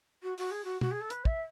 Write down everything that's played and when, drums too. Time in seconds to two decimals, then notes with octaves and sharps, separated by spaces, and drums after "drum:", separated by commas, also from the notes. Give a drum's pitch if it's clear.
0.23 F#4
0.38 F#4, drum: open hi-hat
0.51 G#4
0.64 F#4
0.81 F#4, drum: tom
0.91 G#4
1.01 A4
1.10 B4, drum: hi-hat
1.25 E5, drum: kick